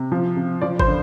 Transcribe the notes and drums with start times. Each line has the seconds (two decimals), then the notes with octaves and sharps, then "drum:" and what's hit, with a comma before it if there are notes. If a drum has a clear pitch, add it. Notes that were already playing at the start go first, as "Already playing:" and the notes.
Already playing: C3
0.12 F3
0.36 C3
0.61 F3 D5
0.79 C5, drum: kick
0.87 D3